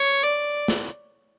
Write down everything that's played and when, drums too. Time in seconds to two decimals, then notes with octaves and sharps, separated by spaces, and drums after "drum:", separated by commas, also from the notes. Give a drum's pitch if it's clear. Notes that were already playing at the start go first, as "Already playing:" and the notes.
Already playing: C#5
0.24 D5
0.68 drum: snare